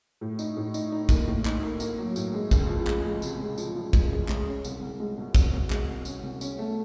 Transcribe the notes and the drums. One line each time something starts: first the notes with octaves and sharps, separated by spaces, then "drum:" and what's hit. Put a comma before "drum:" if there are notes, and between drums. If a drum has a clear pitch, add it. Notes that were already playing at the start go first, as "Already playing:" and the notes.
A2
D#4, drum: tambourine
A2
D#4, drum: tambourine
D#4
A#3, drum: kick, tambourine
A2
D#4, drum: clap
A#3
A#3, drum: tambourine
F#3
A2, drum: tambourine
G#3
C#2, drum: kick, tambourine
F3
G#3, drum: clap
G#3
C3, drum: tambourine
G#3
F3, drum: tambourine
F3
G#3, drum: kick, tambourine
C#2
G#3, drum: clap
C#4
C2, drum: tambourine
C2
G#3
B2
C2, drum: kick, tambourine
B2
G#3, drum: clap
C2
C#4, drum: tambourine
C2
C#4, drum: tambourine
A3